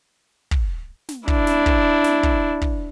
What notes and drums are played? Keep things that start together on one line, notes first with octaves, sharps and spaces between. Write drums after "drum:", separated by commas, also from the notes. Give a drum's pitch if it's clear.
drum: kick
drum: snare
D4 E4, drum: kick
drum: snare
drum: kick
drum: snare
drum: kick
drum: kick